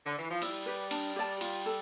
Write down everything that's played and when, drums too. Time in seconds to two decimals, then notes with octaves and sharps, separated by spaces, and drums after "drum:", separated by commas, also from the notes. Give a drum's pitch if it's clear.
0.06 D3
0.18 E3
0.31 F3
0.42 G3 E4, drum: cymbal
0.66 G4 B4
0.91 D4, drum: cymbal
1.16 G4 D5 A5
1.41 F4, drum: cymbal
1.66 A4